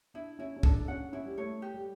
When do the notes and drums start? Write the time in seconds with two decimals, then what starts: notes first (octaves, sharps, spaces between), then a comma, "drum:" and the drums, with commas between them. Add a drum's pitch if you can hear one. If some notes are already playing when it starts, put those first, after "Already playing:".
0.14 D4 E4
0.39 C#4 E4
0.57 C#4
0.63 D4 A4, drum: kick
0.88 C#4 F#5
1.13 C#4 E4
1.26 G3
1.38 A3 C#5
1.62 G4
1.74 G3